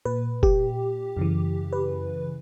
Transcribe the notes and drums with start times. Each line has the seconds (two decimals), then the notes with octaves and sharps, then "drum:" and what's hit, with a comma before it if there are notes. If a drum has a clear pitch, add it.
0.05 A#2 B4
0.43 G4, drum: kick F1
1.17 F#2 C#3 E3
1.73 B4